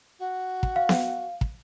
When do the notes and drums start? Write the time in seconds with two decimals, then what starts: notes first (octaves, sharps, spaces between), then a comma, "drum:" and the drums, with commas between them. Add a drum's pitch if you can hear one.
0.19 F#4
0.63 drum: kick
0.76 F5
0.89 drum: snare B3
1.41 drum: kick